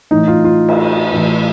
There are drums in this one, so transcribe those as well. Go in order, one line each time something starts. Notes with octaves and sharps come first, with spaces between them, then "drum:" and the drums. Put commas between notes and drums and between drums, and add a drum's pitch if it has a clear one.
A2 E3 D#4
F4
F4
drum: cymbal
A2 E3